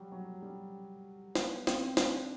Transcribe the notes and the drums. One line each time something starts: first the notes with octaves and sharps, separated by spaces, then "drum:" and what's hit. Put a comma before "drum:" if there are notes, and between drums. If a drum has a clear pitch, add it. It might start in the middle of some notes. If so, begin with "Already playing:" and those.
Already playing: F#3 G3
F#3
G3
B3, drum: snare
C4, drum: snare
D4, drum: snare